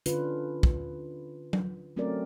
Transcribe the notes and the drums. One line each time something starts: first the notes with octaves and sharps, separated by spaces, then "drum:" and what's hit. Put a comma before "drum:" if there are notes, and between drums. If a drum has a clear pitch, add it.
D3 C#4 D4 F4 B4, drum: hi-hat
drum: kick
drum: tom F#3
F#3 A3 C4 C#4 A#4 D5